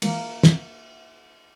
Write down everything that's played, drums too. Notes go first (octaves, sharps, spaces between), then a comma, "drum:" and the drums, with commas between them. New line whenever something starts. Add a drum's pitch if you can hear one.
E3 F#3 G#3 A#3, drum: cymbal
drum: snare